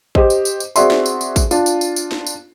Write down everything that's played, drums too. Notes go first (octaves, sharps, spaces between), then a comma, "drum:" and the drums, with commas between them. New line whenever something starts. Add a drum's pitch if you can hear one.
G4 C5 D#5, drum: kick
drum: tambourine
drum: tambourine
drum: tambourine
C4 F#4 G#4 D5 E5 C6, drum: tambourine
drum: snare
drum: tambourine
drum: tambourine
drum: kick, tambourine
D4 F4, drum: tambourine
drum: tambourine
drum: tambourine
drum: tambourine
drum: snare
drum: tambourine